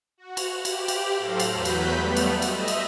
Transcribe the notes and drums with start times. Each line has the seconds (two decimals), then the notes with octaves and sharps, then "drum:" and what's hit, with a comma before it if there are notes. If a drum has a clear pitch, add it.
0.18 F#4
0.37 drum: cymbal
0.65 G4, drum: cymbal
0.88 drum: cymbal
1.18 A2 F#3 A4 C5 F5 A#6
1.40 drum: cymbal
1.52 E2 F#3 B4 G6 B6
1.65 drum: cymbal
1.94 G3 A3 B3
2.16 drum: cymbal
2.42 D#5 E5, drum: cymbal
2.68 drum: cymbal